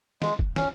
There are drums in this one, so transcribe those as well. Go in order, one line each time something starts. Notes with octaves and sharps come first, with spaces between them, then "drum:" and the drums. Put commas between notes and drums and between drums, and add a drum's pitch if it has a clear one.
G#3, drum: snare
drum: kick
C#4, drum: snare